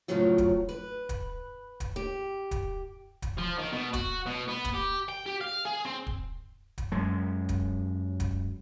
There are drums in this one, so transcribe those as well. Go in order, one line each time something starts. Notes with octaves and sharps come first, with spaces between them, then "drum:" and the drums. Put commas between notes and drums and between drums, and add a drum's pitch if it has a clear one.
F#2 A2 C#3 F3 F#3 F4
drum: kick D1, hi-hat
B4
drum: kick D1, hi-hat
drum: kick D1, hi-hat
G4
drum: kick D1, hi-hat
drum: kick D1, hi-hat
F3
D#3
B2
F#4, drum: kick D1, hi-hat
B2
B3
drum: kick D1, hi-hat
G4
G5
G4
F5
G#4
C4
drum: kick D1
drum: kick D1, hi-hat
F#2 G#3
drum: kick D1, hi-hat
drum: kick D1, hi-hat